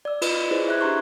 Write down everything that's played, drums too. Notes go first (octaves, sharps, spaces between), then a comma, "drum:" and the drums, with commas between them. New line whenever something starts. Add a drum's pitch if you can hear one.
D5 E6
F4 B4 D#5, drum: cymbal
E4 G#4 B4 C5
E5 F#6 G#6
D4 G4 E5 A#5 C6 C#6